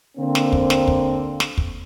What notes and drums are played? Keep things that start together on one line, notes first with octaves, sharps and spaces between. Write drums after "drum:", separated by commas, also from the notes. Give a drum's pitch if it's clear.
D3 A#3 C4
drum: snare
drum: kick
drum: snare
drum: kick
drum: snare
drum: kick